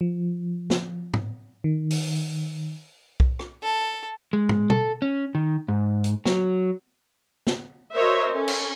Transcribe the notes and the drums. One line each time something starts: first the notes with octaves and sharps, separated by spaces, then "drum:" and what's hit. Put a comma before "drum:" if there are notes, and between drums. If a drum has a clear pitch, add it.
F3
drum: snare
drum: tom
D#3
drum: open hi-hat
drum: kick B1
drum: rim click
A4
G#3
drum: tom
A4, drum: tom B2
C#4
D#3
G#2
drum: hi-hat
F#3, drum: snare
drum: snare
F#4 A#4 C5 C#5 D#5 E5
C#4 A4
drum: cymbal